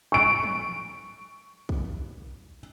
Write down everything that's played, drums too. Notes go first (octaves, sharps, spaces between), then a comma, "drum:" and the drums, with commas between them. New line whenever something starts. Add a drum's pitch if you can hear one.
C#6 D7
drum: tom
drum: kick